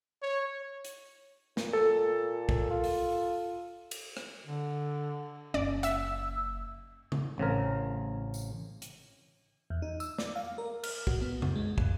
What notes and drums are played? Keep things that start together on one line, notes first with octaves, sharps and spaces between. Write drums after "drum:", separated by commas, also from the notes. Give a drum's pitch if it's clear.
C#5
drum: hi-hat
A#2, drum: snare
A4
drum: kick
F4
drum: open hi-hat
drum: cymbal
drum: rim click
D3
F#1 C#4 D5
E5 E6, drum: hi-hat
drum: tom C#3
A1 C#3 C4 A#4
drum: tambourine
drum: hi-hat
E2
D#4
E6, drum: tambourine
D5, drum: snare
F5
A#4
F6, drum: cymbal
F#4, drum: kick
B3
F#2, drum: tom C#3
G#3
F2, drum: kick